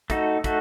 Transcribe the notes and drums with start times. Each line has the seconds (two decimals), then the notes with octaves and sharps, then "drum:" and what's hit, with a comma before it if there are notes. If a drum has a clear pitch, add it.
0.10 A3 D#4 F#4 A4, drum: kick, hi-hat
0.44 A3 D#4 F#4 A4, drum: kick, hi-hat